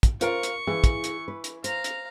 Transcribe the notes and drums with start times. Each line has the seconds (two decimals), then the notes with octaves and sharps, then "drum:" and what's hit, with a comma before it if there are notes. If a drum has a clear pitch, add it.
0.03 drum: kick, hi-hat
0.21 F4 A#4 C5 F5 C#6, drum: hi-hat
0.43 drum: hi-hat
0.67 E3 E4 G#4 F5
0.84 drum: kick, hi-hat
1.04 drum: hi-hat
1.28 B4
1.44 drum: hi-hat
1.64 C5 F5 A#5, drum: hi-hat
1.84 drum: hi-hat